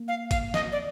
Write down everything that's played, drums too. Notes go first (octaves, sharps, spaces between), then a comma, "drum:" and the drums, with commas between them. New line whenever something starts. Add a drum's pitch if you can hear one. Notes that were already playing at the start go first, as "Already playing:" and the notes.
Already playing: A#3
F5
F5, drum: kick G#1, hi-hat
D#5, drum: snare
D5